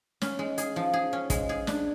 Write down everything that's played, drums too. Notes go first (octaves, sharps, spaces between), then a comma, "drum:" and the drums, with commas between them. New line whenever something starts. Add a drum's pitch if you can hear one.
C#4, drum: snare
G#3
G#4, drum: hi-hat
F3
G#4
C#4
G#3, drum: kick, hi-hat
G#4
D4, drum: snare